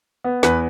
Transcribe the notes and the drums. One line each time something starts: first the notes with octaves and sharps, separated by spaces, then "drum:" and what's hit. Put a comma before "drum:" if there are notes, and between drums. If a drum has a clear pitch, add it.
B3
E2 B4, drum: snare